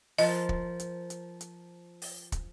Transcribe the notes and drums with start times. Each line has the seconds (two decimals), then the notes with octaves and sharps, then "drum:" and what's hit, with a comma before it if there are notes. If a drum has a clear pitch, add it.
0.18 F3 A#4 D#5 A5, drum: open hi-hat
0.49 drum: kick
0.80 drum: hi-hat
1.10 drum: hi-hat
1.41 drum: hi-hat
2.02 drum: open hi-hat
2.32 drum: kick, hi-hat